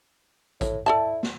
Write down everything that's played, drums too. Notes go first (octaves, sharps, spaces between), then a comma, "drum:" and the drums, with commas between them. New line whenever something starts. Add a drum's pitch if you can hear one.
A2, drum: kick A1, hi-hat
E4 A4 D5 A5
drum: snare